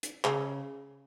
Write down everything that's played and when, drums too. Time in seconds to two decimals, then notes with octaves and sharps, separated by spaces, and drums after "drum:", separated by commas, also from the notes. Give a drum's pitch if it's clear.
0.03 drum: hi-hat
0.25 C#3, drum: clap